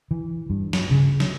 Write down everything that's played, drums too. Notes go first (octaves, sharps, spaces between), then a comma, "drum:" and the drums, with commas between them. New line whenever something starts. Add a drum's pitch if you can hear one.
E3
G2
drum: snare
C#3
drum: snare